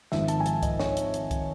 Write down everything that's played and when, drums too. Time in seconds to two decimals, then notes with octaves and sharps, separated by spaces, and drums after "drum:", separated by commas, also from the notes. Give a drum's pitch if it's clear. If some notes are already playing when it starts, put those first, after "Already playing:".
0.12 G#1 G#2 F3 E5, drum: snare
0.28 A5, drum: hi-hat
0.40 G#5
0.46 A5, drum: hi-hat
0.63 D#5, drum: kick C2, hi-hat
0.79 C#5, drum: snare
0.97 drum: hi-hat
1.14 drum: hi-hat
1.31 drum: kick C2, hi-hat